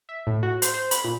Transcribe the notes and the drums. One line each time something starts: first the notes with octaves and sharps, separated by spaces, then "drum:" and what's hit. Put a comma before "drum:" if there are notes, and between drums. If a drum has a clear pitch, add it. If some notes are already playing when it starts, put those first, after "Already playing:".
E5
A2
F#4
C5, drum: hi-hat
C5
B5, drum: hi-hat
A#2